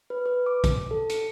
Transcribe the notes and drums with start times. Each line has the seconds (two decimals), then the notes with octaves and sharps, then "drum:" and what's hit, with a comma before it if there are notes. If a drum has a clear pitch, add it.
0.10 B4
0.26 B4
0.46 D6
0.64 drum: kick A#1, hi-hat
0.91 A4
1.10 C#7, drum: hi-hat